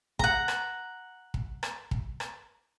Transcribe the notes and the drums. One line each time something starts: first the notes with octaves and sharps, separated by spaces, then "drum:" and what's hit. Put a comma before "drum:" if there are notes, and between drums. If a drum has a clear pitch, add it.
F#5 A#5, drum: kick
drum: rim click
drum: kick
drum: rim click
drum: kick
drum: rim click